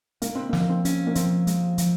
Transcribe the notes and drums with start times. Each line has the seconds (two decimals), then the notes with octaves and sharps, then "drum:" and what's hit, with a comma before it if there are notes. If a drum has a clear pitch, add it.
0.22 G#3 A#3, drum: hi-hat
0.35 C4
0.49 A#3
0.53 F3, drum: snare
0.60 A#3
0.69 C4
0.85 C#4, drum: hi-hat
1.07 A#3
1.15 F3 C4, drum: hi-hat
1.47 G#3, drum: hi-hat
1.78 F3, drum: hi-hat